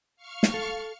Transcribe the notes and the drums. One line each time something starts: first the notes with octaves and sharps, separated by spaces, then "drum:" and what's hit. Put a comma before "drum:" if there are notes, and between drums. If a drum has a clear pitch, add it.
F5 C#6 F6
drum: snare
A4